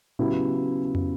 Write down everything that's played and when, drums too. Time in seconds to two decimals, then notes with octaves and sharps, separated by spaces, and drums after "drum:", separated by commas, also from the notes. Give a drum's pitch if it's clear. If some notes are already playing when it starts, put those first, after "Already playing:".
0.19 C#3 F#3 B3 E4 G4
0.95 drum: tom